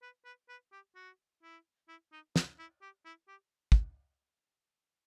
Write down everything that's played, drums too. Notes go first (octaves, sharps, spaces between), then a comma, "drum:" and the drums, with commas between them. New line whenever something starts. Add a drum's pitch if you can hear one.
B4
B4
B4
G4
F#4
E4
E4
D#4
D#4, drum: snare
E4
G4
E4
G4
drum: kick